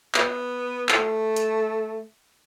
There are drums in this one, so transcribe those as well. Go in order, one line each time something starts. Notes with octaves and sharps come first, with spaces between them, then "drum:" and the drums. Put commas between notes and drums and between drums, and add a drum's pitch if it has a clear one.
B3, drum: clap
A3, drum: clap
drum: hi-hat